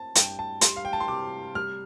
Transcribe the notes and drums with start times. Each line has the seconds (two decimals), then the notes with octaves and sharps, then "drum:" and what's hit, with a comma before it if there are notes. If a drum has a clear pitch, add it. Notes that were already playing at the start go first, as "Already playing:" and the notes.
Already playing: C4 A5
0.15 G2 G5, drum: hi-hat
0.39 A5
0.61 G3 C6, drum: hi-hat
0.76 F5
0.85 G5
0.93 A5
1.00 C6
1.08 C3 D6
1.55 G3 F6